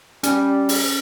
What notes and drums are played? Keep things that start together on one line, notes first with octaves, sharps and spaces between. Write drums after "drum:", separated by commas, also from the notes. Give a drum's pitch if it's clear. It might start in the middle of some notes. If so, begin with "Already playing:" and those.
G3 C#4, drum: hi-hat
drum: open hi-hat